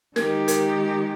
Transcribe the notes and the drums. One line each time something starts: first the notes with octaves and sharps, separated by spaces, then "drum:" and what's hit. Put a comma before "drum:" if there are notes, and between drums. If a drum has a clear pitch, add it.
D#3 G#3 D#4 G4 A#4, drum: snare
A#4, drum: hi-hat